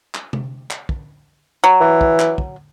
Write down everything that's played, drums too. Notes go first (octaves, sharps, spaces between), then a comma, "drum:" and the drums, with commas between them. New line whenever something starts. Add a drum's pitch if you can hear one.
drum: clap
drum: tom C3
drum: clap
drum: kick
F#3
E3
drum: kick
drum: clap
drum: kick